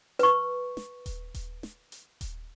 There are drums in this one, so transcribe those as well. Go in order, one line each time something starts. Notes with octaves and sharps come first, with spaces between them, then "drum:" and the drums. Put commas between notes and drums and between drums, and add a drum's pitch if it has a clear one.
B4 C#6, drum: hi-hat
drum: snare
drum: kick D#1, hi-hat
drum: kick D#1, hi-hat
drum: snare
drum: hi-hat
drum: kick D#1, hi-hat